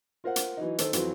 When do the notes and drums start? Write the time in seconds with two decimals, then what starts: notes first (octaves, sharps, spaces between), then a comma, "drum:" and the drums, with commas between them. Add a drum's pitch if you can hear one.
0.24 F4 A#4 C5 F#5
0.36 drum: hi-hat
0.57 E3 F#3 D#4
0.78 D#3 A4 C5, drum: hi-hat
0.93 F2 E3 F#3 C4, drum: hi-hat